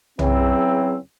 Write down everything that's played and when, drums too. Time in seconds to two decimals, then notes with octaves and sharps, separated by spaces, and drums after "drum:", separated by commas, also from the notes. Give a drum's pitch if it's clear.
0.19 E2 C#3 E3 F#3 C4, drum: tom B1